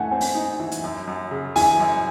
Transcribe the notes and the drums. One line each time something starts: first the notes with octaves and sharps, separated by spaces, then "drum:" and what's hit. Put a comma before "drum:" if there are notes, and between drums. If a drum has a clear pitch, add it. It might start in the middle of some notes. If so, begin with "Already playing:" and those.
Already playing: E3 A3 F#5 G#5
C4 G#5
drum: open hi-hat
D#4
E3
drum: hi-hat
F#2
F#2
C#3
E3 G#5, drum: open hi-hat
F#2